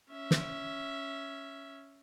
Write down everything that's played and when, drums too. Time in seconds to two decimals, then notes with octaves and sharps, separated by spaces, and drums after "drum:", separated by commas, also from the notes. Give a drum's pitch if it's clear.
0.11 C#4 E5
0.31 drum: snare